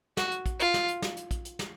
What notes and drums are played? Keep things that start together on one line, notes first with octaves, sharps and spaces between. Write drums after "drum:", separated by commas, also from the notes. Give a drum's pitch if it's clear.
F#4, drum: snare
drum: hi-hat
drum: kick, hi-hat
F4, drum: hi-hat
drum: snare
drum: hi-hat
drum: snare
drum: hi-hat
drum: kick, hi-hat
drum: hi-hat
drum: snare